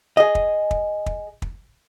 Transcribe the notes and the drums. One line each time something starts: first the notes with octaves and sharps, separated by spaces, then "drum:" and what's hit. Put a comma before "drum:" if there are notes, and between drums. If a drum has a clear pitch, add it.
G#4 D#5
drum: kick
drum: kick
drum: kick
drum: kick